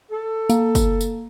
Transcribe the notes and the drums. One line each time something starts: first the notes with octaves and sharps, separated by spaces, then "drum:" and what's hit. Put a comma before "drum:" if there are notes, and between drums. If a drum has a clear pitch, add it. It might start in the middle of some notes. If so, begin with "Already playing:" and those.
A4
A#3, drum: tambourine
drum: kick, tambourine
drum: tambourine